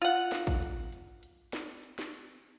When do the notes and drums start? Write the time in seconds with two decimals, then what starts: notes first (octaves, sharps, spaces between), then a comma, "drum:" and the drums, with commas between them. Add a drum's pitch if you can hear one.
0.02 F4 F#5, drum: hi-hat
0.32 drum: snare
0.47 drum: kick
0.62 drum: hi-hat
0.92 drum: hi-hat
1.23 drum: hi-hat
1.53 drum: snare
1.83 drum: hi-hat
1.99 drum: snare
2.14 drum: hi-hat